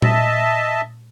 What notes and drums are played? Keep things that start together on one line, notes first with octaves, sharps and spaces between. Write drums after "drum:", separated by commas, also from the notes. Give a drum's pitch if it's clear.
D#5 E5 A5, drum: tom A#2